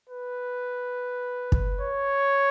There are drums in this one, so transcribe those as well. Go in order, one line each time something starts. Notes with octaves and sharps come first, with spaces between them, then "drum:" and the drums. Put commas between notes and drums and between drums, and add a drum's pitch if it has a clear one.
B4
drum: kick
C#5